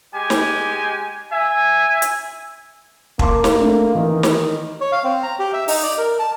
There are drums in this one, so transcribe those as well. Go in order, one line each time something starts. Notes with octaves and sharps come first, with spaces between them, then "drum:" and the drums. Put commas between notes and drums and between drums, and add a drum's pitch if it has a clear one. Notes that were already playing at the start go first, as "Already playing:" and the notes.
G#3 G4 G#5
drum: snare
E5 G#5
drum: hi-hat
A#3 A5 C6 D6, drum: kick
drum: snare
A3 D4
D#3 E3
drum: snare
C#5
F5
C4
A#5
G4
E5
D#4, drum: open hi-hat
D5
A#4
A5